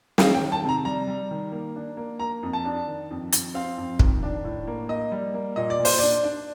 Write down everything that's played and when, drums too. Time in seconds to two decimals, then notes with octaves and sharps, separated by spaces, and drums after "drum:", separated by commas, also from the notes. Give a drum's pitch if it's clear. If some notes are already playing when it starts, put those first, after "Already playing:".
0.18 D#3 F5, drum: snare
0.34 G5
0.41 D#3
0.52 A5
0.64 C3
0.69 A#5
0.85 G3 A#5
1.07 G3
1.31 D#3
1.52 A#3
1.76 D4
1.97 A#3
2.19 A#3 A#5
2.43 F2
2.53 A5
2.65 D4
2.87 D#3
3.10 F2
3.33 F2, drum: hi-hat
3.54 C4 F5
3.77 F2
3.99 D#3, drum: kick
4.23 D4
4.44 A2
4.67 A#3
4.89 A#3 D#5
5.12 G3
5.34 A#3
5.56 A#2 D#5
5.70 D5
5.80 A#2
5.85 C5, drum: open hi-hat
5.99 D4 D5
6.24 D4